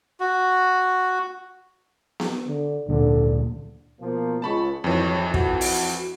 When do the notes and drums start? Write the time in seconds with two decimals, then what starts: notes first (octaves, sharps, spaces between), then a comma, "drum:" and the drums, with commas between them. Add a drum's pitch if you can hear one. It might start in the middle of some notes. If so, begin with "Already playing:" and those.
0.20 F#4
2.20 drum: snare B3
2.48 D3
2.88 D2 A#2 D3
4.00 B2 F3 A#3
4.42 C#2 A5 B5 C#6
4.84 G#1 F2 E3 F#3 C#5
5.34 F#4, drum: kick
5.61 drum: open hi-hat